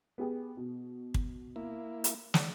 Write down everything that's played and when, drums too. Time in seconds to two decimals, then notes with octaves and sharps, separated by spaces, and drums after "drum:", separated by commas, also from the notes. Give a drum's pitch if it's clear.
0.18 B3 G4 G#4
0.57 B2
1.14 drum: kick
1.56 A#3 E4
2.04 drum: hi-hat
2.34 D5, drum: snare